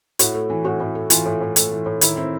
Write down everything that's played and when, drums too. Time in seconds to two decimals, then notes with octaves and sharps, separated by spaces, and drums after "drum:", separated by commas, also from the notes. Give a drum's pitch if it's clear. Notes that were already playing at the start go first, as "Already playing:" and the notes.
0.19 A2 F#4, drum: hi-hat
0.34 A3
0.50 E3
0.65 A2 F#4
0.80 A2
0.95 A3
1.10 E3 F4, drum: hi-hat
1.26 A2
1.41 A2
1.56 A3, drum: hi-hat
1.72 E3
1.86 A2
2.01 D#3 E4, drum: hi-hat
2.16 C4 E4